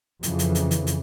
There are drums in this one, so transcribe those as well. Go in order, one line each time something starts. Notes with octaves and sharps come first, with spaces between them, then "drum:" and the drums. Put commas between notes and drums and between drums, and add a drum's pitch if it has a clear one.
F2 C#3 E3, drum: hi-hat
drum: hi-hat
drum: hi-hat
drum: hi-hat
drum: hi-hat